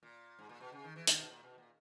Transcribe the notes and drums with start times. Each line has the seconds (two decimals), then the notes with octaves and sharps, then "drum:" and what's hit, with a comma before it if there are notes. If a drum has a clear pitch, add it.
0.03 A#2
0.39 G#2
0.49 A#2
0.61 B2
0.72 C#3
0.84 D#3
0.96 E3
1.07 D#3, drum: hi-hat
1.19 B2
1.31 A#2
1.43 B2
1.58 A#2